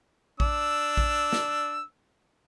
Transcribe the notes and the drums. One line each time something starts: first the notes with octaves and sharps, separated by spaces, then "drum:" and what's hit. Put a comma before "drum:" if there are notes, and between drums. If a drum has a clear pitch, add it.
D4 E6, drum: kick A#1
drum: kick A#1
drum: snare